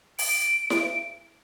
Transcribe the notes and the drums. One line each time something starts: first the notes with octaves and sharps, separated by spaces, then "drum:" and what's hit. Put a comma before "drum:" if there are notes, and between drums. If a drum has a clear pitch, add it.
D7, drum: open hi-hat
drum: snare E4